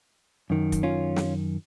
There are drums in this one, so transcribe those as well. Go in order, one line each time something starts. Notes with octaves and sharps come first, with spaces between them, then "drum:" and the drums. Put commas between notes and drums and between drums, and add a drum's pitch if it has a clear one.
F#2 D#3
drum: kick, hi-hat
C#4 F4
drum: snare